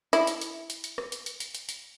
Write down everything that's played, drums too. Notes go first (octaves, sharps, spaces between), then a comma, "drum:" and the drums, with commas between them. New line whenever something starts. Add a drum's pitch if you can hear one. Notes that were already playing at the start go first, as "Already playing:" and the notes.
E4, drum: hi-hat
drum: hi-hat
drum: hi-hat
drum: hi-hat
drum: hi-hat
drum: rim click
drum: hi-hat
drum: hi-hat
drum: hi-hat
drum: hi-hat
drum: hi-hat